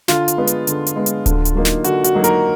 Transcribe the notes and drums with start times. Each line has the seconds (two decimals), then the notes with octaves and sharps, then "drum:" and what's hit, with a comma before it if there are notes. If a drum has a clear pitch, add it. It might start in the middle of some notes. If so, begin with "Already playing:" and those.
0.08 D3 F4, drum: snare
0.28 drum: hi-hat
0.38 G#3 B3
0.47 drum: hi-hat
0.67 D3, drum: hi-hat
0.87 drum: hi-hat
0.96 G#3 B3
1.06 drum: hi-hat
1.26 D3, drum: kick D1, hi-hat
1.45 drum: hi-hat
1.55 F#3 A#3 D#4
1.65 drum: snare
1.84 D3 F#4, drum: hi-hat
2.04 F#4, drum: hi-hat
2.14 F#3 A#3 D#4
2.24 A#4, drum: hi-hat